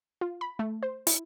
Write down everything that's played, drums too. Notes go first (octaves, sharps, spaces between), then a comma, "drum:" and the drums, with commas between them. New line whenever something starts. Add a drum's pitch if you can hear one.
F4
B5
A3
C5
E4, drum: hi-hat